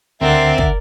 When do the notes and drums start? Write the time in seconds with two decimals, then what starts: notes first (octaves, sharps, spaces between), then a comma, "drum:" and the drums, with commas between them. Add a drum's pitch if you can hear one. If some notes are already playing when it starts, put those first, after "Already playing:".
0.21 D2 D3 C4 A#4 D5 E5 F#5
0.58 drum: kick